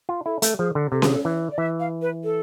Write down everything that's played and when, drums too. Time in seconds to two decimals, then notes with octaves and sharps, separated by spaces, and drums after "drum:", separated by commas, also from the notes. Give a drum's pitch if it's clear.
0.09 F4
0.26 E4 A4
0.42 A3, drum: hi-hat
0.58 F3 G#4
0.75 D3
0.92 C3 A4
1.02 G#4, drum: snare C#4
1.13 A4
1.25 E3
1.51 D5
1.58 E3 E5
1.80 F5
2.02 B4
2.24 A4